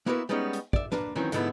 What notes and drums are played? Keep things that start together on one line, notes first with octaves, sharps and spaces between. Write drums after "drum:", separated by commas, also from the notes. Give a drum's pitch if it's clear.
A#3 B3 E4 F#4 A#4 B4
G3 G#3 B3 C#4 D#4
drum: hi-hat
D5 E5, drum: kick
A#3 D4 B4, drum: snare
D#3 E3 F#3 A#3 C4 C#4
G#2 D3 F3 A3 B3 E4, drum: hi-hat